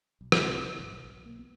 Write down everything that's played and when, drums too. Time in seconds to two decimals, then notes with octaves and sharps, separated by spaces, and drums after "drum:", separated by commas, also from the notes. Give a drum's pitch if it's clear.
0.21 B1
0.32 drum: rim click
0.42 C2
0.79 G#1
0.94 B1
1.26 A#3
1.39 B3